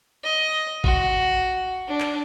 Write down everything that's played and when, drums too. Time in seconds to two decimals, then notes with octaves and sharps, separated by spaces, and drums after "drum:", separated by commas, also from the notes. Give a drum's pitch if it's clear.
0.24 D#5
0.84 F#4, drum: kick G#1
1.87 D4
2.00 drum: clap